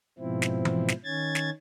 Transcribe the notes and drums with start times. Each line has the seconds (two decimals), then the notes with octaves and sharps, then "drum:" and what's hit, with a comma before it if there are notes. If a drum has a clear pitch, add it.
0.19 G#2 B2 F3 C4 E4
0.42 drum: snare
0.65 drum: tom E3
0.88 drum: snare
1.05 D#3 C#4 G#6 A6
1.35 drum: snare